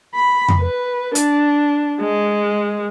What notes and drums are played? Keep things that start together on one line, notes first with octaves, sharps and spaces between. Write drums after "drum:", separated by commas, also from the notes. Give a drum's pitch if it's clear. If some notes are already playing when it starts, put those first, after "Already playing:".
B5
drum: tom F2
B4
D4, drum: hi-hat
G#3